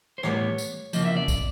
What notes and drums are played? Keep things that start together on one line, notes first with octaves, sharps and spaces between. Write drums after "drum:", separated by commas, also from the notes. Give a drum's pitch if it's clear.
C5
A2 E3 G3 B3 C#5, drum: rim click
drum: tambourine
E2 C#3 F3 A#3 D#5, drum: tambourine
E5
D5
drum: kick, tambourine